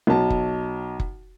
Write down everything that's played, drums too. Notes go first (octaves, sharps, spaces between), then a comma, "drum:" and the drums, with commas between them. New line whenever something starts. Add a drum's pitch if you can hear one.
B1 A5
drum: kick
drum: kick